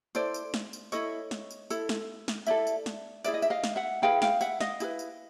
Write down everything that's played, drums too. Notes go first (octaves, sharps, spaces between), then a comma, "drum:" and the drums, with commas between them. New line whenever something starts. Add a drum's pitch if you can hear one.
E4 A4 C5 D5, drum: tambourine
drum: tambourine
drum: snare
drum: tambourine
E4 A4 C#5 D#5, drum: tambourine
drum: snare
drum: tambourine
E4 A4, drum: tambourine
drum: snare
drum: snare
E4 A4 D5 E5, drum: tambourine
drum: tambourine
drum: snare
E4 G#4 B4 D5 E5, drum: tambourine
D#5
E5, drum: tambourine
D#5 F5
drum: snare
E5 F#5
E4 G#4 B4 F5 G5
F5 G5, drum: snare
E5 F#5, drum: tambourine
D#5 F5, drum: snare
E4 G#4 B4, drum: tambourine
drum: tambourine